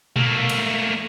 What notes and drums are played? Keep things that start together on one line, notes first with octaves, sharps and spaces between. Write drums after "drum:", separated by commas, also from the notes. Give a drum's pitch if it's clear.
A3 A#3, drum: tom A#2
drum: cymbal